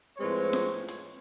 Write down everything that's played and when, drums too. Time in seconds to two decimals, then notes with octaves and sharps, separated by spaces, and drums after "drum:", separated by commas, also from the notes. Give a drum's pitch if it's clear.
0.18 A2 F3 G#3 C4 B4 C#5
0.53 drum: snare F4
0.88 drum: hi-hat